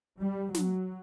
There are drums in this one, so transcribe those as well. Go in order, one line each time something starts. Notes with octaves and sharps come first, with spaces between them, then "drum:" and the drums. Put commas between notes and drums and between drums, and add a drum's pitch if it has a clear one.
G3
F#3, drum: snare